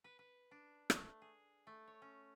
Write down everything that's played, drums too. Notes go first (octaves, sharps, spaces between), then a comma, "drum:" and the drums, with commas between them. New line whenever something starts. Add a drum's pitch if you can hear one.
B4
B4
D4
A3, drum: rim click
G#4
A3
C#5
C#4